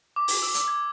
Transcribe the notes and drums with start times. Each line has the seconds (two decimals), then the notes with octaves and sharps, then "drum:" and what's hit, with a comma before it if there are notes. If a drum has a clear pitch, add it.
0.16 D6
0.28 drum: open hi-hat
0.42 E6
0.54 drum: hi-hat
0.68 G#6